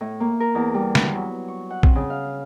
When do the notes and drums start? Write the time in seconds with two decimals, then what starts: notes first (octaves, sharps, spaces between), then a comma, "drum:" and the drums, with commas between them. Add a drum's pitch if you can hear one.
0.01 A2
0.20 A#3
0.40 A#4
0.55 E2
0.74 G3
0.95 B5, drum: snare
1.15 F#3
1.48 C#6
1.70 F#5
1.83 C4, drum: kick A#1
1.96 C#3
2.10 F5